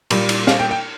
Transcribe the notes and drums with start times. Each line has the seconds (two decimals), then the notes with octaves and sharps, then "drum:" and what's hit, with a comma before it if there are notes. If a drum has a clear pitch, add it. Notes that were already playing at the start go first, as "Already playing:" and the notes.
0.10 A#2 G3 A#3, drum: cymbal
0.29 drum: cymbal
0.47 F5, drum: snare
0.59 G5
0.71 G5